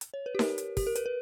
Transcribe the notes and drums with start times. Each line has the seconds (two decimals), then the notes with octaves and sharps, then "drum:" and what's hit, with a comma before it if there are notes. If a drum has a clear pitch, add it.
0.01 drum: hi-hat
0.14 C#5
0.26 B4
0.35 G4
0.39 A#4, drum: snare D#4
0.58 drum: hi-hat
0.77 G4, drum: kick, open hi-hat
0.87 A#4
0.95 B4, drum: hi-hat
1.06 B4